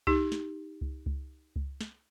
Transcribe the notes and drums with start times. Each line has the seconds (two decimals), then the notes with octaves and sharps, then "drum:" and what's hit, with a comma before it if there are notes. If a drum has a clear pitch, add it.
0.07 D#4 G4, drum: kick C#2
0.32 drum: snare
0.81 drum: kick C#2
1.06 drum: kick C#2
1.56 drum: kick C#2
1.81 drum: snare